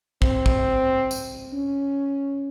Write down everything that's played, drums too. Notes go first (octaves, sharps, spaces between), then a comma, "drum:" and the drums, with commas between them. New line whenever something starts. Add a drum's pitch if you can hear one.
C4, drum: kick
drum: kick
drum: tambourine
C#4